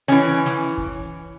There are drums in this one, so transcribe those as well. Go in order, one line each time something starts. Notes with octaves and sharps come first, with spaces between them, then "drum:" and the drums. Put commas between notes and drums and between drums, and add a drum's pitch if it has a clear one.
E3 C#4, drum: snare
drum: snare
drum: kick